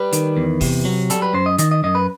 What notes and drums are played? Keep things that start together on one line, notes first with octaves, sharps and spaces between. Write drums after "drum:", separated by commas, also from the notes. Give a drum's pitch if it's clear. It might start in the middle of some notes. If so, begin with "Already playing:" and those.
Already playing: G3 B4
D#3, drum: hi-hat
E2
C3, drum: kick, open hi-hat
F#3
G3 A4, drum: hi-hat
B4
F#2 C5
D#5
D#3 D#5, drum: hi-hat
D#5
F#2 D#5
B4